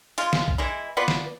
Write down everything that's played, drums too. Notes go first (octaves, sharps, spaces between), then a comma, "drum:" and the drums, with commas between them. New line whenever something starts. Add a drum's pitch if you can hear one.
G#3 F4, drum: hi-hat
drum: snare
drum: kick
E3 G#3 E4
B3 F4 B4 D5
drum: snare